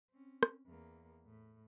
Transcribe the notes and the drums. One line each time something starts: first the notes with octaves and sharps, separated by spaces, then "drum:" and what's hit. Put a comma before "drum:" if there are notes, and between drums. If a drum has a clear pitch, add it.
C4 C#4
drum: rim click
E2 A#3
A2